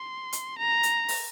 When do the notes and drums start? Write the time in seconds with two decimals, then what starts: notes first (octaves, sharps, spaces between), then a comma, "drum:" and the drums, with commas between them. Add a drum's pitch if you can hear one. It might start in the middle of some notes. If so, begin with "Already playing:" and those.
Already playing: C6
0.33 drum: hi-hat
0.58 A#5
0.83 drum: hi-hat
1.08 drum: open hi-hat